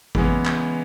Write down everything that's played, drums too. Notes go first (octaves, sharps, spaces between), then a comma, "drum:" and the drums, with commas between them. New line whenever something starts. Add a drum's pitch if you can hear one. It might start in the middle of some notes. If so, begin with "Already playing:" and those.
C#3 E3 G#3 B3, drum: kick G#1
drum: clap